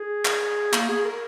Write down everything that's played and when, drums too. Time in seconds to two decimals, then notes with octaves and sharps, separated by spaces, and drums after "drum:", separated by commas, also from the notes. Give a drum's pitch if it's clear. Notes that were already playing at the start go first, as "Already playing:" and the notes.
Already playing: G#4
0.25 drum: clap
0.73 A#3, drum: clap
0.89 G#4
1.05 A#4